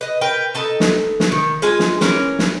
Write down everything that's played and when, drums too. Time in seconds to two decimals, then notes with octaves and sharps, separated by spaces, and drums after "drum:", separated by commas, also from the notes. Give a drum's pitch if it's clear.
0.01 B4 D#5
0.21 A#4 B4 G5
0.55 D#4 A4 B4
0.80 drum: snare
1.20 drum: snare
1.32 D#3
1.62 G#3 F4 G#5
1.79 drum: snare
2.01 E3 C#4 A#4, drum: snare
2.39 drum: snare